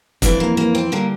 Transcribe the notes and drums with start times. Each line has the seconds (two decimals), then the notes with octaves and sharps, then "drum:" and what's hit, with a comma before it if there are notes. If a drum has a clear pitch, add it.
0.22 F2 E3 A3 D4, drum: kick, hi-hat
0.40 A#3
0.57 A#3
0.75 C4
0.92 D3 G3 A#3